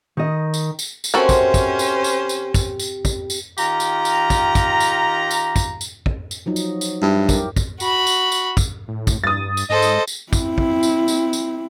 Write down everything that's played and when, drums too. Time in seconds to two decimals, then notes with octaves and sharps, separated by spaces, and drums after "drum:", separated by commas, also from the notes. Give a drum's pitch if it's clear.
0.17 D#3 D#5
0.54 drum: tambourine
0.79 drum: tambourine
1.04 drum: tambourine
1.14 C3 C#4 F#4 A4 A#4 C5
1.29 drum: kick, tambourine
1.54 drum: kick, tambourine
1.79 drum: tambourine
2.04 drum: tambourine
2.29 drum: tambourine
2.54 drum: kick, tambourine
2.80 drum: tambourine
3.05 drum: kick, tambourine
3.30 drum: tambourine
3.58 D#3 F4 G4 A#5, drum: tambourine
3.80 drum: tambourine
4.05 drum: tambourine
4.30 drum: kick, tambourine
4.55 drum: kick, tambourine
4.80 drum: tambourine
5.31 drum: tambourine
5.56 drum: kick, tambourine
5.81 drum: tambourine
6.06 drum: kick
6.31 drum: tambourine
6.46 F3 F#3 D#4
6.56 drum: tambourine
6.81 drum: tambourine
7.02 G2 E4
7.29 G4 A#4, drum: kick, tambourine
7.56 drum: kick, tambourine
7.80 F#4 B5, drum: tambourine
8.07 drum: tambourine
8.32 drum: tambourine
8.57 drum: kick, tambourine
8.88 A2
9.07 drum: kick, tambourine
9.24 G2 D#6 A6
9.57 drum: tambourine
9.70 G#2 A4 C5 D#5
9.82 drum: tambourine
10.07 drum: tambourine
10.33 C4 E4, drum: kick, tambourine
10.58 drum: kick
10.83 drum: tambourine
11.08 drum: tambourine
11.33 drum: tambourine